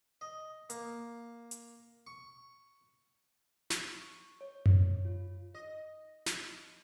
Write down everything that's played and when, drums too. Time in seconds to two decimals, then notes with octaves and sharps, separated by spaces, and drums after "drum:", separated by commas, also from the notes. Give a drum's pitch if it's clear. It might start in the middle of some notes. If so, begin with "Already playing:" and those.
0.21 D#5
0.70 A#3, drum: hi-hat
1.51 drum: hi-hat
2.07 C#6
3.70 C#6, drum: snare
4.41 C#5
4.66 drum: tom F#2
5.05 F4
5.54 D#5
6.26 drum: snare